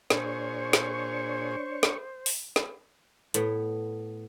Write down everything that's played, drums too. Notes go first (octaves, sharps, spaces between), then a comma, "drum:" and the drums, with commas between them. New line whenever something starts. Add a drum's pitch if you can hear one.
A#2 D4 G#4 C5 C#5 C#6, drum: snare
drum: snare
drum: snare
drum: open hi-hat
drum: snare
A2 B3, drum: hi-hat